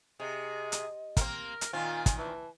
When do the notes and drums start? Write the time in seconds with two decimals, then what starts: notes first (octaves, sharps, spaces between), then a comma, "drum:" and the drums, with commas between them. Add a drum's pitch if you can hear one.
0.20 C3 G#4 D#5
0.72 drum: hi-hat
1.17 A#3 C4 A#4, drum: kick, hi-hat
1.61 drum: hi-hat
1.73 A#2 D#3 C4 F4 G#5
2.06 drum: kick, hi-hat
2.18 E3 A5